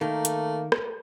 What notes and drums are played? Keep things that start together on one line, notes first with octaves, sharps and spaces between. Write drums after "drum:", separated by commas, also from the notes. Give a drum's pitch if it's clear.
D#3 A3 A#3
drum: hi-hat
drum: rim click